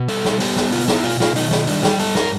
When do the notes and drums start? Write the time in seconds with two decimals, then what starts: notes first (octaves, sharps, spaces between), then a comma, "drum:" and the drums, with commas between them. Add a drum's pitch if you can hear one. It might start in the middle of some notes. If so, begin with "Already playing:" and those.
Already playing: B2
0.08 G3 A4, drum: open hi-hat
0.25 drum: snare
0.40 B3 G4, drum: open hi-hat
0.56 drum: snare
0.72 B2 F4, drum: open hi-hat
0.88 E4, drum: snare
1.04 B2 F4, drum: open hi-hat
1.20 F4, drum: snare
1.36 D#3 D#4, drum: open hi-hat
1.51 D#4, drum: snare
1.67 G3 D4, drum: open hi-hat
1.83 G4, drum: snare
1.99 G2 A4, drum: open hi-hat
2.15 A#4, drum: snare